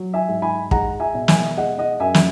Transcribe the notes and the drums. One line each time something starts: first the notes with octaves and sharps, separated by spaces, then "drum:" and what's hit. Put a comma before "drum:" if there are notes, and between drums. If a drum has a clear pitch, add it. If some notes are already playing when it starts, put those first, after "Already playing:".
Already playing: F#3
E5 G#5
G#2
G#5 B5
G#3 F#5 A#5, drum: kick
E5 G#5
B2
E5 G#5, drum: snare
G#3 D#5 F#5
D#5 F#5
F#2 E5 G#5
drum: snare